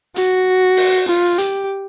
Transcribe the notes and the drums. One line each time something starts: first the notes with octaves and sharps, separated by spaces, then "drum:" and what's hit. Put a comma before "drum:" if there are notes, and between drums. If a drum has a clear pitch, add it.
F#4, drum: hi-hat
drum: open hi-hat
F4
G4, drum: hi-hat